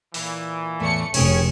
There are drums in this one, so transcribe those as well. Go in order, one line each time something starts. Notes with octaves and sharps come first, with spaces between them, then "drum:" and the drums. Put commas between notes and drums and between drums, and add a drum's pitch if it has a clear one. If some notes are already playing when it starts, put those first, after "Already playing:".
A#2 E3, drum: open hi-hat
E2 A2 A3 C#7
F1 C3 C#4 G#4 C#5 G5, drum: cymbal